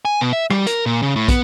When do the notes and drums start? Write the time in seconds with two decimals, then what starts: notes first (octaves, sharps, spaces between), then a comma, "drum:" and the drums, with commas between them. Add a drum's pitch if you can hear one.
0.05 G#5
0.21 B2
0.33 E5
0.50 G3, drum: rim click
0.67 A#4, drum: hi-hat
0.86 A#2
1.02 C#3
1.16 A2
1.28 B3, drum: kick, hi-hat